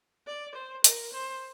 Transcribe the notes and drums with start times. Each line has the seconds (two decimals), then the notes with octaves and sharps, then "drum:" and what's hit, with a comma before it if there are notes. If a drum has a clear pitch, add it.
0.27 D5
0.55 C5
0.84 A#4, drum: hi-hat
1.13 C5